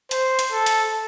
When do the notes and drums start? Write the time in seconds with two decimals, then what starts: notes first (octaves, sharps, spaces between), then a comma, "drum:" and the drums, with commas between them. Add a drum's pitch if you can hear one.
0.11 C5, drum: hi-hat
0.39 drum: hi-hat
0.52 A4
0.66 drum: hi-hat